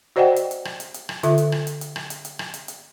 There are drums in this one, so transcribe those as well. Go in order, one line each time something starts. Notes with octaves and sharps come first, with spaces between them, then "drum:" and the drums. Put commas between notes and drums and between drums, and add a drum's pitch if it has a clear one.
F#4 C5 D5 D#5 F#5 G5
drum: hi-hat
drum: hi-hat
drum: rim click
drum: hi-hat
drum: hi-hat
drum: rim click
D3 F4 A4 E5, drum: hi-hat
drum: hi-hat
drum: rim click
drum: hi-hat
drum: hi-hat
drum: rim click
drum: hi-hat
drum: hi-hat
drum: rim click
drum: hi-hat
drum: hi-hat